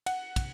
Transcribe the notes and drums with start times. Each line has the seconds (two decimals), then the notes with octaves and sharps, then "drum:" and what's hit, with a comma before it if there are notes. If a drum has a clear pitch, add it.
0.06 F#5, drum: cymbal
0.36 drum: kick, cymbal